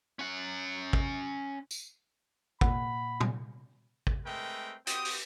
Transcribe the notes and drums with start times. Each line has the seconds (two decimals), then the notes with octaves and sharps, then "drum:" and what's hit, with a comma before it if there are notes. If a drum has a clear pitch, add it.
0.19 C#4 F#5
0.93 drum: kick
1.71 drum: tambourine
2.61 A#2 F#5 B5, drum: kick
3.20 drum: tom A#2
4.07 drum: kick
4.26 G#3 A3 C4 A#4 B4 G5
4.87 C4 F#4 G4 G5 D#6, drum: hi-hat
5.05 drum: open hi-hat